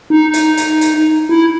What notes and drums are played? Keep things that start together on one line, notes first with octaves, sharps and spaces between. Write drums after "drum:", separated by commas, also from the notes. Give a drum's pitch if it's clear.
D#4
drum: hi-hat
drum: hi-hat
drum: hi-hat
E4